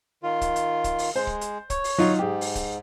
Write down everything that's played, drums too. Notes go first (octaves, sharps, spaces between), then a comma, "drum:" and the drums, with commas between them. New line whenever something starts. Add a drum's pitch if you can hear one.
D#3 F4
drum: kick, hi-hat
drum: hi-hat
drum: kick, hi-hat
drum: open hi-hat
G#3 C5
drum: kick
drum: hi-hat
C#5, drum: kick, hi-hat
drum: open hi-hat
F#3 D#4 F4
G#2 G4 G#4
drum: open hi-hat
drum: kick, hi-hat